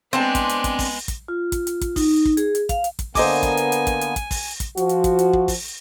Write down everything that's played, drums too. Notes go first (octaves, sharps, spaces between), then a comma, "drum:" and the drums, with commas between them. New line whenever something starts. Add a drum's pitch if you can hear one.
G#3 B3 C4 D4 A5
drum: kick, hi-hat
drum: hi-hat
drum: kick, hi-hat
drum: kick, open hi-hat
drum: kick, hi-hat
F4
drum: kick, hi-hat
drum: hi-hat
drum: kick, hi-hat
D#4, drum: kick, open hi-hat
drum: kick
G#4, drum: hi-hat
drum: hi-hat
F5, drum: kick, hi-hat
drum: hi-hat
drum: kick, hi-hat
D3 A#3 B3 C5 D#5 G#5 D6, drum: kick, open hi-hat
drum: kick, hi-hat
drum: hi-hat
drum: hi-hat
drum: kick, hi-hat
drum: hi-hat
drum: kick, hi-hat
drum: kick, open hi-hat
drum: kick, hi-hat
F3 F#4, drum: hi-hat
drum: hi-hat
drum: kick, hi-hat
drum: hi-hat
drum: kick
drum: kick, open hi-hat